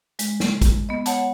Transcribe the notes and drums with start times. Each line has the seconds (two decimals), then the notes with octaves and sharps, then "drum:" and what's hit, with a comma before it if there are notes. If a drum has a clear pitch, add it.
0.19 G#3, drum: hi-hat
0.40 drum: snare
0.62 drum: kick, hi-hat
0.89 B3 D#5
1.06 C#5 F#5 A5, drum: hi-hat